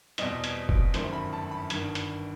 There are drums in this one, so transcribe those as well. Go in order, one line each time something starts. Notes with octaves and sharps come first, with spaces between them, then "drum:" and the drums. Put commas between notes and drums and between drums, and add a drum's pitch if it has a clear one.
E2 B2 G3 C4 D#5, drum: hi-hat
drum: hi-hat
drum: kick F1
G1 F#2 D#3 A3 C5, drum: hi-hat
B5
A5
B5
G1 G2 D#3, drum: hi-hat
drum: hi-hat